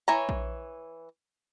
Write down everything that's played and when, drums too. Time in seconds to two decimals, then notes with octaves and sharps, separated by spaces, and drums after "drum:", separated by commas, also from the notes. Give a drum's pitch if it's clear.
0.08 E3 C#5 A#5
0.29 drum: kick A#1